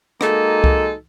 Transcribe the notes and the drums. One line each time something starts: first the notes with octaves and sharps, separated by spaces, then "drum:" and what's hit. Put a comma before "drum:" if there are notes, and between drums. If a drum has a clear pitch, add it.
G#3 A#3 D#4 F#4 A4, drum: rim click
drum: kick C2